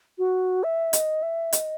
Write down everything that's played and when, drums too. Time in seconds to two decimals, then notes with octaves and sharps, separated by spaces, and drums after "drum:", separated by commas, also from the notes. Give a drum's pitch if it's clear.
0.18 F#4
0.63 E5
0.93 D#5, drum: hi-hat
1.22 E5
1.53 D#5, drum: hi-hat